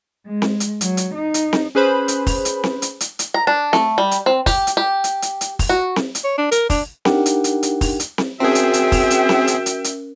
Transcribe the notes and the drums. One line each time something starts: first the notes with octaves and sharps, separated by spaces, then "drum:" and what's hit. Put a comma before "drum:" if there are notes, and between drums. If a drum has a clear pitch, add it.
G#3
drum: snare C4
drum: hi-hat
F#3, drum: hi-hat
drum: hi-hat
D#4
drum: hi-hat
drum: snare C4
C#4 G#4 B4 C5 B5
drum: hi-hat
drum: kick, open hi-hat
drum: hi-hat
drum: snare C4
drum: hi-hat
drum: hi-hat
drum: hi-hat
A#5
D4
A3, drum: snare C4
G3
drum: hi-hat
C4
G4, drum: kick, open hi-hat
drum: hi-hat
G4
drum: hi-hat
drum: hi-hat
drum: hi-hat
drum: kick, open hi-hat
F#4
drum: snare C4
drum: hi-hat
C#5
D4
A#4, drum: hi-hat
D4, drum: kick, open hi-hat
D4 D#4 G4 A#4 F#5 G5, drum: snare C4
drum: hi-hat
drum: hi-hat
drum: hi-hat
drum: kick, open hi-hat
drum: hi-hat
drum: snare C4
C4 C#4 F#4 G#4 A#4 E5 G5
drum: hi-hat
drum: hi-hat
drum: kick, open hi-hat
drum: hi-hat
drum: snare C4
drum: hi-hat
drum: hi-hat
drum: hi-hat